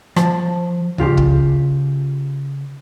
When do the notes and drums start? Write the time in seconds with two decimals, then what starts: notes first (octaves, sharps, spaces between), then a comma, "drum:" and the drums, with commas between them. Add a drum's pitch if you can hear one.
0.16 F3 A5, drum: rim click
0.98 C#3 F4 G4, drum: tom C#2
1.17 drum: kick